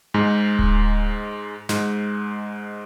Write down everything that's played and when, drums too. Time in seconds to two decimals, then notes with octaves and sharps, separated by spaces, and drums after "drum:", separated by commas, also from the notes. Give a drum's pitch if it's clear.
0.14 G#2 G#3
0.59 drum: kick D1
1.69 G#2 G#3, drum: snare